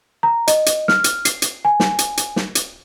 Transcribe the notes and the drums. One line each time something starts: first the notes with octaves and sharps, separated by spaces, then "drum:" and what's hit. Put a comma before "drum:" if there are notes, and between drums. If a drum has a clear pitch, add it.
A#5
D#5, drum: hi-hat
drum: hi-hat
F6, drum: snare
drum: hi-hat
C7, drum: hi-hat
drum: hi-hat
G#5
drum: snare
drum: hi-hat
drum: hi-hat
drum: snare
drum: hi-hat